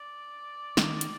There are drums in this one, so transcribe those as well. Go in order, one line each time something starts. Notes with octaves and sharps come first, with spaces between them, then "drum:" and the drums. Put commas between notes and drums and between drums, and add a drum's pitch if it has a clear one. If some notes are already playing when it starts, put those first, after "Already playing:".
Already playing: D5
D#3, drum: snare
drum: hi-hat